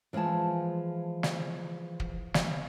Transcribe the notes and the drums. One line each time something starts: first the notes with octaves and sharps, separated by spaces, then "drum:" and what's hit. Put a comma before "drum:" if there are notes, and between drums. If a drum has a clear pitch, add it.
E3 F3 G#3 G#4 A5
drum: snare
drum: kick
drum: snare